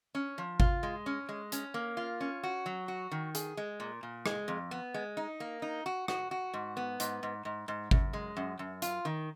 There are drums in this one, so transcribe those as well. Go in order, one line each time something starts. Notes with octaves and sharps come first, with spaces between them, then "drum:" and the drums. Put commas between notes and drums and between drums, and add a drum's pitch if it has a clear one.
C#4
F3
F4, drum: kick G#1
G#3
C#4
G#3
C#4, drum: hi-hat
A#3
F4
C#4
F#4
F#3
F#4
D#3
G#4, drum: hi-hat
G#3
A#2
A#2
G#3, drum: rim click
F2
B3
G#3
D#4
A#3
D#4
F#4
F#4, drum: rim click
F#4
G#2
B3
G#2, drum: hi-hat
G#2
G#2
G#2
F#2, drum: kick G#1
G#3
F#2
F#2
F4, drum: hi-hat
D#3